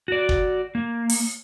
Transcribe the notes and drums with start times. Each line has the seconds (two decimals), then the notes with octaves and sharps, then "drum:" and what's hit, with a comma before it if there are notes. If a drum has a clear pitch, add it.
0.08 F#4 D5
0.29 drum: kick
0.75 A#3
1.10 drum: open hi-hat